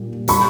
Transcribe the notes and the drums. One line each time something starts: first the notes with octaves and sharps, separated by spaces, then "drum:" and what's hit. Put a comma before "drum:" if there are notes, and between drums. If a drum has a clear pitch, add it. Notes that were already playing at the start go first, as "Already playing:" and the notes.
Already playing: A#2 G3
G3 B5 C#6, drum: hi-hat